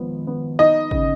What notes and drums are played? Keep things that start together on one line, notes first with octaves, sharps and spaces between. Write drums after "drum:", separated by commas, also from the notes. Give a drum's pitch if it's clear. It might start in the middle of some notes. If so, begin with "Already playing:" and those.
Already playing: G#1 F3 B3
B3
D#4 D#5
C#3, drum: kick